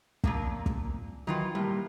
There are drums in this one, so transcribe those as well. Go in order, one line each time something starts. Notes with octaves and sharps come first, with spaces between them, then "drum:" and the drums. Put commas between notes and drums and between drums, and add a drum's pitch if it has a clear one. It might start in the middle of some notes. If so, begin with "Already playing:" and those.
A#2 F3 A#3, drum: kick
drum: kick
D#3 E3 F#3 F4
A2 G3 A#3